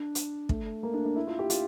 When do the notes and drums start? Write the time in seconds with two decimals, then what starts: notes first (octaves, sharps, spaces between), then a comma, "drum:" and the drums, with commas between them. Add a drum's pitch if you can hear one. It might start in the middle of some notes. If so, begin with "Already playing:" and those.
Already playing: D4
0.15 drum: hi-hat
0.49 A3, drum: kick
0.83 A#3
0.94 D4
1.05 D4
1.16 E4
1.27 F4
1.39 G4
1.50 F4, drum: hi-hat